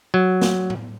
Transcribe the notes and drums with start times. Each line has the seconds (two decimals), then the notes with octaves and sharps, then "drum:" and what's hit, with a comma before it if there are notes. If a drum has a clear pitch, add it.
0.14 F#3
0.42 drum: snare
0.70 drum: tom A2